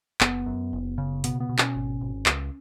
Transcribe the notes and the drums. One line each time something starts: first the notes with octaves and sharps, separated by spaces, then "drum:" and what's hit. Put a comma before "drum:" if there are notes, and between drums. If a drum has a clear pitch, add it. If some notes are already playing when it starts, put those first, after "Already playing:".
F#1 B3, drum: clap
F#2
F#1
C#3
B2 B3, drum: hi-hat
B3
B2
C#4, drum: clap
G#1
G#1
C#2, drum: clap